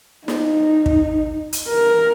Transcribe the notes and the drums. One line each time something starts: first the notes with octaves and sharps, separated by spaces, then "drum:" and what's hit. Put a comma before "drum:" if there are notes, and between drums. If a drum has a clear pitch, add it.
D#4, drum: snare
drum: kick
drum: hi-hat
A#4